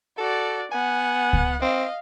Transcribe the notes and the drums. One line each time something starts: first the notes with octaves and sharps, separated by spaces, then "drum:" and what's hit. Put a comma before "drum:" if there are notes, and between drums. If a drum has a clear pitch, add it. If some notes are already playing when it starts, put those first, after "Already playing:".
F#4 A4 D5
B3 F#5 G#5
drum: kick C#2
C4 D#5 F5